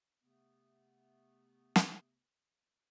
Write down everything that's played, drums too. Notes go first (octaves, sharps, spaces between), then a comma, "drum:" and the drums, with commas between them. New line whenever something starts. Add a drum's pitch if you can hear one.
C3 A3 B3
drum: snare